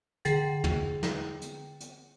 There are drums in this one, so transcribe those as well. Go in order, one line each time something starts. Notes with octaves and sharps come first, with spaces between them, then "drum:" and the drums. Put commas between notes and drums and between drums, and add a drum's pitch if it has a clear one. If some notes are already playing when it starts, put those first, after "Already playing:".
D3 G#4 G5 A6, drum: hi-hat
drum: tom
drum: snare
drum: hi-hat
drum: hi-hat